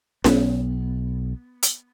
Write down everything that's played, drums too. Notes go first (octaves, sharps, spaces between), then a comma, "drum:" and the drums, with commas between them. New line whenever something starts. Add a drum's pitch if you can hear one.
B1 B3, drum: snare C#4
drum: hi-hat